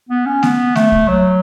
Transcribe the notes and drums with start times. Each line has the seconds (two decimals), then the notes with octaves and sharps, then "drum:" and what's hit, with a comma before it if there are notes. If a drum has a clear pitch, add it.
0.09 B3
0.26 C#4
0.43 B3, drum: snare A3
0.75 A3, drum: snare A3
0.92 drum: kick
1.08 F#3